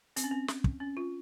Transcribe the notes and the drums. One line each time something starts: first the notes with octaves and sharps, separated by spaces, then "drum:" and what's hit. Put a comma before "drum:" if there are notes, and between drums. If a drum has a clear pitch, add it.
C4, drum: hi-hat
C#4
C4
drum: snare
drum: kick
C#4
F4